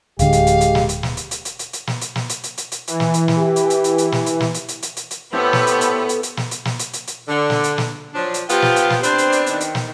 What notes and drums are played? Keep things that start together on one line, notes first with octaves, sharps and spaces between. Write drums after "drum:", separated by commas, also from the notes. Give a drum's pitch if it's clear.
D1 D3 G#3 G4 F5, drum: hi-hat
drum: hi-hat
drum: hi-hat
drum: hi-hat
drum: snare
drum: hi-hat
drum: snare
drum: hi-hat
drum: hi-hat
drum: hi-hat
drum: hi-hat
drum: hi-hat
drum: snare
drum: hi-hat
drum: snare
drum: hi-hat
drum: hi-hat
drum: hi-hat
drum: hi-hat
E3, drum: hi-hat
drum: snare
drum: hi-hat
drum: snare
G4
drum: hi-hat
drum: hi-hat
drum: hi-hat
drum: hi-hat
drum: snare
drum: hi-hat
drum: snare
drum: hi-hat
drum: hi-hat
drum: hi-hat
drum: hi-hat
drum: hi-hat
A2 B3 G4 A4 C5
drum: snare
drum: hi-hat
drum: hi-hat
drum: hi-hat
drum: hi-hat
drum: snare
drum: hi-hat
drum: snare
drum: hi-hat
drum: hi-hat
drum: hi-hat
D3
drum: snare
drum: hi-hat
drum: snare
F3 F#3 D4
drum: hi-hat
F3 B3 F4 G4, drum: hi-hat
drum: snare
drum: hi-hat
drum: snare
B3 C4 D4 C5, drum: hi-hat
drum: hi-hat
drum: hi-hat
D#3, drum: hi-hat
drum: hi-hat
drum: snare